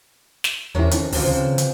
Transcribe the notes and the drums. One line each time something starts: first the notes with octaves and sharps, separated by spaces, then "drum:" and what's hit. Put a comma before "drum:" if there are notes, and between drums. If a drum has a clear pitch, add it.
drum: snare
E2 C3 D#3 C#4 E4
F2 D#3 C#4, drum: hi-hat
D2 C3 E3 F3, drum: open hi-hat
C#3
drum: hi-hat